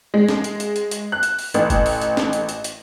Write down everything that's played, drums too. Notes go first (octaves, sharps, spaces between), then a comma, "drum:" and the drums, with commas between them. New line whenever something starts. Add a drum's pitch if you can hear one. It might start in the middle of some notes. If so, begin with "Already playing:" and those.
G#3
drum: snare C#4
drum: hi-hat
drum: hi-hat
drum: hi-hat
drum: hi-hat
F#6
drum: hi-hat
drum: open hi-hat
A1, drum: hi-hat
drum: kick F1, hi-hat
drum: open hi-hat
drum: hi-hat
drum: snare C#4
drum: hi-hat
drum: hi-hat
drum: hi-hat